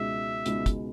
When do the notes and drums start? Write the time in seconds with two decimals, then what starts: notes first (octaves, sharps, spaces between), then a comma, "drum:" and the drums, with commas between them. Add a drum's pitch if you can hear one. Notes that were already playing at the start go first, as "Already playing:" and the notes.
Already playing: C#2 B2 G#3 D#4 E5
0.46 C#2 B2 G#3 D#4, drum: hi-hat
0.66 drum: kick, hi-hat